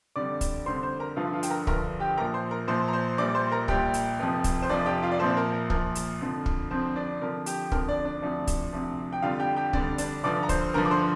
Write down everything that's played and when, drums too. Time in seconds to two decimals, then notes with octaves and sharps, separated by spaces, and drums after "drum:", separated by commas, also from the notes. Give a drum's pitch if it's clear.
0.16 F2 D3 G3 D5 D6
0.41 drum: kick, hi-hat
0.66 F2 D3 G3 C5 C6
0.83 C5 C6
1.00 A#4 A#5
1.16 G1 G2 D3 F3 F4 F5
1.33 F4 F5
1.43 G5, drum: hi-hat
1.50 A#4 A#5
1.67 G1 G2 D3 F3 A#4 A#5, drum: kick
2.00 G4 G5
2.17 A#1 A#2 F3 A#4 A#5
2.34 C5 C6
2.51 A#4 A#5
2.68 A#1 A#2 F3 C5 C6
2.88 A#5
2.93 C5 C6
3.18 A#1 A#2 G3 D5 D6
3.35 C5 C6
3.51 A#4 A#5
3.68 A#1 A#2 G3 G4 G5, drum: kick
3.94 drum: hi-hat
4.19 F1 F2 F3
4.44 drum: kick, hi-hat
4.62 C5
4.69 F1 F2 F3 D4 D5
4.86 G4 G5
5.03 F4 F5
5.12 D5
5.19 A#1 A#2 F3 C4 C5
5.37 A#4
5.53 A#4
5.70 A#1 A#2 F3 A#4, drum: kick
5.95 drum: hi-hat
6.21 F2 D3 F3
6.46 drum: kick
6.71 F2 D3 F3 C4 C5
6.96 D4 D5
7.21 F2 D3 F3 A#4
7.46 G4, drum: hi-hat
7.72 F2 D3 F3 A#4, drum: kick
7.88 D4 D5
8.05 D4 D5
8.22 D2 C3 F3
8.47 drum: kick, hi-hat
8.73 D2 C3 F3
9.13 G5
9.22 F2 D3 G3 F4 F5
9.39 G4 G5
9.56 G4 G5
9.73 F2 D3 G3 D4 D5, drum: kick
9.98 D4 D5, drum: hi-hat
10.23 G1 G2 D3 F3 D5 D6
10.43 A#5
10.49 C5 C6, drum: kick, hi-hat
10.74 G1 G2 D3 F3 A#4 A#5
10.85 D6
10.91 C5 C6